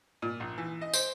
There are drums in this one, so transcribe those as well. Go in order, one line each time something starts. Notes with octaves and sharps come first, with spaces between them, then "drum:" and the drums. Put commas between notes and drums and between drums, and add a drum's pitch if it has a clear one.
A#2
A#1
E3
D#5
C5, drum: tambourine